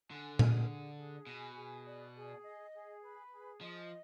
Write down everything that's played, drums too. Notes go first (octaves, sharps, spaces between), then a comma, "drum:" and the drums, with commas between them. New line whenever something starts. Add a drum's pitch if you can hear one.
D3 G#5
G#4, drum: tom A#2
D5
G#4
B2 G#5
G#4
D5
G#4
D#5
G#4
B4
G#4
F3 D#5